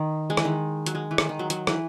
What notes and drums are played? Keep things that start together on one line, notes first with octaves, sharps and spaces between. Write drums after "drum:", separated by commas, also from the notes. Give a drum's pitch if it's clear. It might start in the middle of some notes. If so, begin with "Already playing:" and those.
Already playing: D#3
G#3
E3, drum: rim click
D#3
F#3, drum: hi-hat
G#3
E3
D#3, drum: rim click
D#3
F#3
F#3, drum: hi-hat
E3, drum: rim click